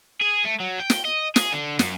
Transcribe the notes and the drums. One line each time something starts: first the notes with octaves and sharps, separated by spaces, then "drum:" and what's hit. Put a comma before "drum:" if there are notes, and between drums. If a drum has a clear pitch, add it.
G#4
A3
F#3
G5
drum: snare
D#5
G#4, drum: snare
D3
F#2, drum: snare